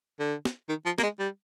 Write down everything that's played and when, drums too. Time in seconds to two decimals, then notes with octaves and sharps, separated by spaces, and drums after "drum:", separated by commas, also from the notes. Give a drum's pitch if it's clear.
0.19 D3
0.45 drum: snare
0.69 D#3
0.85 F3
0.98 A#3, drum: snare
1.03 G#3
1.19 G3